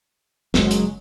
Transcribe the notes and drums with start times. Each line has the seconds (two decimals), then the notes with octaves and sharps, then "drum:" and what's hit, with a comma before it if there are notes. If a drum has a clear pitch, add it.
0.54 F#1 F#2 F#3 G#3, drum: snare
0.71 drum: hi-hat